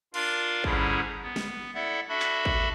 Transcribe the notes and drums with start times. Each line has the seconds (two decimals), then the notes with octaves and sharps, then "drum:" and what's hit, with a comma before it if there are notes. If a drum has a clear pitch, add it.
0.14 D4 F4 A#4 D5 F5 C6, drum: cymbal
0.64 G#2 D3 G3 C#4 E4 G#4, drum: kick
1.23 B3
1.36 drum: snare
1.74 E4 A4 D5 E5 F#5
2.08 D4 F#4 A4 E5 B5
2.20 drum: clap
2.45 drum: kick